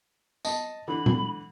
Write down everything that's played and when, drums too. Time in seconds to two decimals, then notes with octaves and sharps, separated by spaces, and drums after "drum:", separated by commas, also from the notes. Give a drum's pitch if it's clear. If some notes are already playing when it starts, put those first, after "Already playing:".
0.45 D#5 A5, drum: tambourine
0.88 D3 E3 B5
1.06 drum: tom A#2